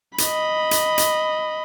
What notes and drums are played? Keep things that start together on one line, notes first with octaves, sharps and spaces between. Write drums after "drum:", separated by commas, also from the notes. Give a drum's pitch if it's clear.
D#5 B5, drum: hi-hat
drum: hi-hat
drum: hi-hat